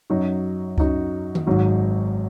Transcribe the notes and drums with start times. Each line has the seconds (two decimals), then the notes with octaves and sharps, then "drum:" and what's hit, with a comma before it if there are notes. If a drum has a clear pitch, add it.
0.10 F#2 F#3 D#4 F#4
0.78 F#2 F#3 D#4 F#4, drum: kick C#2
1.35 drum: tom D#3
1.47 G#1 G#2 F#3 D#4 F#4